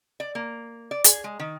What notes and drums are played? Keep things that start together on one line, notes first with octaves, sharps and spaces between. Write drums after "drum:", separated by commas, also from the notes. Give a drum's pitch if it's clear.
D5
A#3
D5
G#4, drum: hi-hat
G#3
D#3